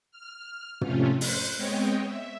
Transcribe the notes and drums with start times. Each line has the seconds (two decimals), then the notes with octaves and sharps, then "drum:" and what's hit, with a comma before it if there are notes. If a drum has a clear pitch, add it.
0.12 F6
0.81 F2 C3 A3 C#4 F4, drum: tom
1.21 C5 F#6, drum: open hi-hat
1.56 G#3 B3 C4 C#5 D#5 G5
2.06 E5